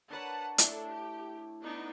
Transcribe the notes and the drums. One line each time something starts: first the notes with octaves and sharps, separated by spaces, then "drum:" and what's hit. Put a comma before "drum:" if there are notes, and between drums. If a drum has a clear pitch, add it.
D4 A#4 B4 C#5 F#5 A5
A3 D4 E4 A4, drum: hi-hat
G4
B3 D4 D#4